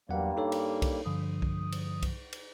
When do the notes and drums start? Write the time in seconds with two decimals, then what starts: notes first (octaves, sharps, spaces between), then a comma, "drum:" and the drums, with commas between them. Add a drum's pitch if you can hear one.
0.09 E2 G2 F#3 G3 A#3 F#5
0.37 D#4 A4 C#5
0.52 drum: cymbal
0.82 drum: kick B1, cymbal
1.06 G2 D3 F3 D#6
1.42 drum: kick B1
1.72 drum: cymbal
2.02 drum: kick B1, cymbal
2.33 drum: cymbal